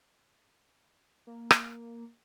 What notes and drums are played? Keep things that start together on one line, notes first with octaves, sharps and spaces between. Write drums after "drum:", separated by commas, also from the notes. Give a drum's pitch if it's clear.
A#3
drum: rim click